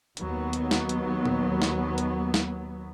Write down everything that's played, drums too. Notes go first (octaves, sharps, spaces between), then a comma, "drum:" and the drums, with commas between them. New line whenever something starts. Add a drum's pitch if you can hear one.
D#2 F#3 B3, drum: hi-hat
drum: hi-hat
drum: snare
drum: hi-hat
drum: tom A#2
drum: snare
drum: hi-hat
drum: snare